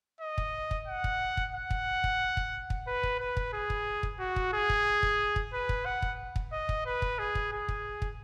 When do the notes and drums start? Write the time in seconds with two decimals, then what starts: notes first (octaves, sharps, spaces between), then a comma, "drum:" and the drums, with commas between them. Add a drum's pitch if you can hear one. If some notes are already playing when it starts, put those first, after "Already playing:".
0.21 D#5
0.38 drum: kick
0.71 drum: kick
0.88 F#5
1.04 drum: kick
1.37 drum: kick
1.55 F#5
1.71 drum: kick
2.04 drum: kick
2.37 drum: kick
2.70 drum: kick
2.87 B4
3.03 drum: kick
3.20 B4
3.37 drum: kick
3.53 G#4
3.70 drum: kick
4.03 drum: kick
4.20 F#4
4.36 drum: kick
4.53 G#4
4.70 drum: kick
5.03 drum: kick
5.36 drum: kick
5.53 B4
5.69 drum: kick
5.86 F#5
6.02 drum: kick
6.36 drum: kick
6.52 D#5
6.69 drum: kick
6.86 B4
7.02 drum: kick
7.19 G#4
7.35 drum: kick
7.52 G#4
7.68 drum: kick
8.02 drum: kick